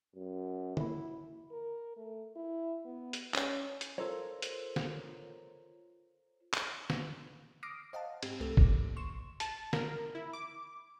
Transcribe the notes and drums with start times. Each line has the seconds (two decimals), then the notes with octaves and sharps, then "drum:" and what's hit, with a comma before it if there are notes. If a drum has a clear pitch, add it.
0.16 F#2
0.77 E4, drum: tom D3
1.52 A#4
1.97 A3
2.36 E4
2.85 B3
3.13 drum: hi-hat
3.35 C#4, drum: clap
3.81 drum: hi-hat
3.98 F4 A4 A#4 C5 C#5
4.42 drum: hi-hat
4.76 drum: snare
6.53 drum: clap
6.90 drum: snare
7.63 D6 D#6 F6 A#6 C7 D7
7.93 C5 D#5 F5 F#5 A5
8.23 G#2 C4 G4, drum: cymbal
8.40 C2 E3 A3 G4 A4
8.57 A2 D3 A#3, drum: kick
8.97 C6 C#6 E7
9.40 A5, drum: hi-hat
9.73 A#4, drum: snare
10.15 E4
10.33 D6